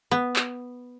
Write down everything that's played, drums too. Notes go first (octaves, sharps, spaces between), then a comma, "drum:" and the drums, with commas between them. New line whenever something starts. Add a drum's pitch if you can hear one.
B3
drum: clap